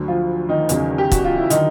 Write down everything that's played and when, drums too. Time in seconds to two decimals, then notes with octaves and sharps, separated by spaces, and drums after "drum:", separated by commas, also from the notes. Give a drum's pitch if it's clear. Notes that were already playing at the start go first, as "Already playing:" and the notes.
Already playing: D2 D3 F#3
0.08 F3 F4
0.49 D#3 D#4
0.69 E2 C#3 F#3, drum: hi-hat
0.98 G4
1.12 F#4, drum: kick, hi-hat
1.25 F4
1.38 E4
1.50 D3 D#3 F#3 D#4, drum: hi-hat